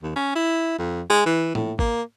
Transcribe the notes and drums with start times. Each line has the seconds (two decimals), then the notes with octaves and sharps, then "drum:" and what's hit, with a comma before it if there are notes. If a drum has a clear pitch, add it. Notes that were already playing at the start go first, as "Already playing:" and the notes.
0.02 D#2
0.16 C#4
0.35 E4
0.79 F2
1.10 G#3
1.26 E3
1.55 A2, drum: tom
1.79 A#3, drum: kick G#1